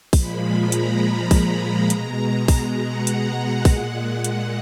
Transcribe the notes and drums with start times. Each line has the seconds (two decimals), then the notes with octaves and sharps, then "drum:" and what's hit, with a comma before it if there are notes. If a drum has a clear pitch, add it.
0.13 A#2 F3 G#3 B5, drum: kick, open hi-hat
0.57 A#5
0.72 drum: hi-hat
1.31 drum: kick, open hi-hat
1.90 B2 G#3, drum: hi-hat
2.48 drum: kick, open hi-hat
2.78 F#5
3.07 drum: hi-hat
3.65 A#2 G#3, drum: kick, open hi-hat
4.24 drum: hi-hat